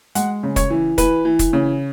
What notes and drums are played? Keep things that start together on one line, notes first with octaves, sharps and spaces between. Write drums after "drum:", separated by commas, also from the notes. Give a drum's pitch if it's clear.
G#3 F#5, drum: hi-hat
C#3
C#5, drum: kick, hi-hat
E3
E3 B4, drum: kick, hi-hat
E3
drum: kick, hi-hat
C#3